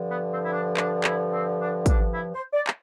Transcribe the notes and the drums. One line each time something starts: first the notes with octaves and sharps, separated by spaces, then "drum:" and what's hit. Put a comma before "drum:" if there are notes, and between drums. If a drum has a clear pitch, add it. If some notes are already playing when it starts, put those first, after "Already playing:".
Already playing: G2 D3 F3
B3
C4
E4
D4
D4, drum: clap
E4, drum: clap
C4
D4
D4, drum: kick, hi-hat
E4
C5
D5
drum: clap